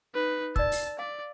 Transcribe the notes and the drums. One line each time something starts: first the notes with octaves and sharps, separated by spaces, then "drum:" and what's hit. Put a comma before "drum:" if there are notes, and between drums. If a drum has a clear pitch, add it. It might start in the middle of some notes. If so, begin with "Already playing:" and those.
D#4 B4
D5 A5 E6, drum: kick
drum: open hi-hat
D5 F5